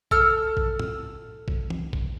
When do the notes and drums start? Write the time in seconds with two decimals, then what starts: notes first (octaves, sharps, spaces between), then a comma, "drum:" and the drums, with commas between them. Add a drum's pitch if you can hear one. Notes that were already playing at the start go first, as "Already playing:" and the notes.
0.11 A4 E6 F6, drum: kick A#1
0.57 drum: kick A#1
0.79 drum: tom
1.48 drum: kick A#1
1.70 drum: tom
1.93 drum: kick A#1